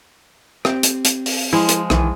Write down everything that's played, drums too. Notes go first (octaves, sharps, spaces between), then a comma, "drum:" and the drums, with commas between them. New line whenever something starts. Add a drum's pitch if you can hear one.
C4 G4, drum: rim click
drum: hi-hat
drum: hi-hat
drum: open hi-hat
F3 G#3 E4 G#4
drum: hi-hat
B1 D#3 E3 G#4, drum: rim click